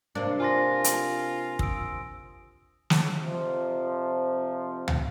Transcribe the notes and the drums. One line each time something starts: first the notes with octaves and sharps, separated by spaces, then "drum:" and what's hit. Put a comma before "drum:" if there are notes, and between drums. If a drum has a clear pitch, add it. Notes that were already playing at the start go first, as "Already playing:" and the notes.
C3 A#3 D4
F4 G#5 C6 A#6
drum: hi-hat
D#6 E6 D7, drum: kick
drum: snare
F2 C3 F3
drum: tom